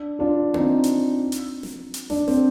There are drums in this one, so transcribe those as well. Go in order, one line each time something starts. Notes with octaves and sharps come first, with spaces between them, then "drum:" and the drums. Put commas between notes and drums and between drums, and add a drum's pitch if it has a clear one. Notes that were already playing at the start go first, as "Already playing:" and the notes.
Already playing: D4
D4 F4
C4 D#4, drum: tom A#3
drum: hi-hat
drum: hi-hat
drum: snare
drum: hi-hat
D4, drum: snare
C4, drum: snare